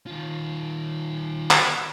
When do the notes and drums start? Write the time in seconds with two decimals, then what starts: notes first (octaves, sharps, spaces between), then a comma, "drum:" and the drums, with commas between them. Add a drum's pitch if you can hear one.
0.07 D#3 F4
1.51 drum: clap